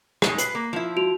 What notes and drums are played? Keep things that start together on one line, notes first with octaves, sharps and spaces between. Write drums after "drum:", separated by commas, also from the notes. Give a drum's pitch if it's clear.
G#3 A3 D#4, drum: rim click
B4 F#6 C7 F#7, drum: hi-hat
A#3
F3 E4
F#4 D7 F7